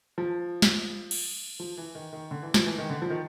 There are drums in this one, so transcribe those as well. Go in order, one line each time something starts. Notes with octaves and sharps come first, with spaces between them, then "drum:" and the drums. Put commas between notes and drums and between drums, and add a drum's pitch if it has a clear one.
F3
drum: snare
drum: cymbal
F3
E3
D#3
D#3
D3
E3
F3, drum: snare
E3
D#3
D3
F3
D#3